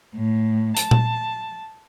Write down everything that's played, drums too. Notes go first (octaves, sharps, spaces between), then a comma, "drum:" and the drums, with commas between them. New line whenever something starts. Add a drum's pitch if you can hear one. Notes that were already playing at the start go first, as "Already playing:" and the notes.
A2
A5, drum: hi-hat
drum: tom A#2